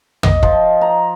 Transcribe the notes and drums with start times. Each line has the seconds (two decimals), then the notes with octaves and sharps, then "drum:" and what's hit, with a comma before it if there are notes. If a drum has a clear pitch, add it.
0.23 D#5, drum: tom
0.43 F3, drum: kick
0.81 A#5